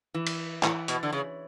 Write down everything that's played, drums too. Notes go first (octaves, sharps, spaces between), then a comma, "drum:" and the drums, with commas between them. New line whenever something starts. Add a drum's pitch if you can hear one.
E3
drum: cymbal
A2 E3, drum: clap
B2, drum: hi-hat
D3
C#3